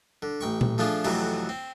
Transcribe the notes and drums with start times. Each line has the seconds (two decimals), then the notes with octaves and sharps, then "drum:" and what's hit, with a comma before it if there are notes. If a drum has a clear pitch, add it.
0.22 D3
0.41 A1 G5 C#6
0.61 drum: tom A#2
0.78 F3 A3 D4 F4 G#4
1.04 F2 C3 E3 F#3 A3, drum: cymbal
1.49 C4